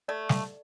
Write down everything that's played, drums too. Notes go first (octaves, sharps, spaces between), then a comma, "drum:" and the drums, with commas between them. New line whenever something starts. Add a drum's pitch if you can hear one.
A3 D5
drum: snare